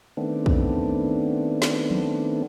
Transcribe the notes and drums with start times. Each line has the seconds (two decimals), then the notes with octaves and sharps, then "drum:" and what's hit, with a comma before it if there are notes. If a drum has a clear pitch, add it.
0.17 D#3 A3 B3 C4 D4
0.46 drum: kick
1.62 drum: snare
1.91 drum: tom F3